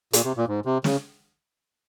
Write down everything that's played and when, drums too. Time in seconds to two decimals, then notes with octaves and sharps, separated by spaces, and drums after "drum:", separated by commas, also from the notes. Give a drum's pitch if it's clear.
0.13 A#2, drum: hi-hat
0.24 C3
0.37 A#2
0.48 G#2
0.66 C3
0.84 C#3, drum: snare